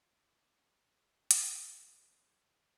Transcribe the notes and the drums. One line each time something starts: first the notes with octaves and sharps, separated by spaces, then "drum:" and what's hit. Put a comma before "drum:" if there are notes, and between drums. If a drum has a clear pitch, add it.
C#3 D6
C#6
E1 D6
D#2
D#3
D#3
D2, drum: hi-hat
C3 C#6
G#3
C3
F#3
D#3